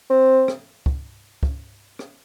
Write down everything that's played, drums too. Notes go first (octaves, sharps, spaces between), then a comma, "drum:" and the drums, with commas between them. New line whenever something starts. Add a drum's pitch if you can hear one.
C4
drum: rim click
drum: kick
drum: kick
drum: rim click